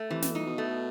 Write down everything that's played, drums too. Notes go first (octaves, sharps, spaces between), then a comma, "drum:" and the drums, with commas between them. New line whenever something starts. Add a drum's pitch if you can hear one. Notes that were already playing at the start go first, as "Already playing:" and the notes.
Already playing: A3
C3 E3
B2, drum: snare
A#2 D#4
B2
A3